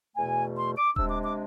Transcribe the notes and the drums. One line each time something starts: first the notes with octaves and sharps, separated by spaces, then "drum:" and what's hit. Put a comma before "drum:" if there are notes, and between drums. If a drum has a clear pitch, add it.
E2 B2 A3 G#5
C6
D6
C3 G#3 D4 E6, drum: kick D#1
D6
D6